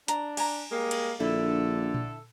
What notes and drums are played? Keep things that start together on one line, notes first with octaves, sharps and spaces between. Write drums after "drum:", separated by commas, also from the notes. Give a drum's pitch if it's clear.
D4 A#5, drum: hi-hat
G#5 A#5, drum: cymbal
G3 G#3 A#3
drum: cymbal
A#1 D3 E4 A4
drum: tom A#2